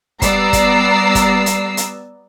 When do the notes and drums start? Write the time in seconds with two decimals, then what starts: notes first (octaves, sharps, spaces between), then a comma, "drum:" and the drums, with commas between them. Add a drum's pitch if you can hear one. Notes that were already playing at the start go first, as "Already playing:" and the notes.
0.22 G3 B3 D5 A#5 E6 C7, drum: kick, hi-hat
0.53 drum: kick, hi-hat
1.15 drum: kick, hi-hat
1.46 drum: hi-hat
1.77 drum: hi-hat